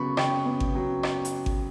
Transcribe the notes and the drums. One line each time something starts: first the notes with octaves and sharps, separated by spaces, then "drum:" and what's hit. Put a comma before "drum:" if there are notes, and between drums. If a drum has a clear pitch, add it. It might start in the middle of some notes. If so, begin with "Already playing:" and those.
Already playing: C#3 F#3 B3 B5 C#6
C#3 G5, drum: rim click
B3
drum: kick G#1
F#3
drum: rim click
drum: hi-hat
drum: kick G#1